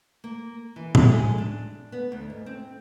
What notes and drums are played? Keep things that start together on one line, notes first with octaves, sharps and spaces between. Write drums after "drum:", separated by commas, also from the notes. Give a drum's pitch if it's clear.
A#3
E3
E5, drum: tom A2
G#3
D4
B3
D2
G#2
C4